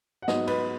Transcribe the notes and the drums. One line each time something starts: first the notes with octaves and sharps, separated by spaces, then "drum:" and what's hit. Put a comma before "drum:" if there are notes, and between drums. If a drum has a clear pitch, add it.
F#5
G#2 F#3 B3 D#5, drum: snare
B4, drum: cymbal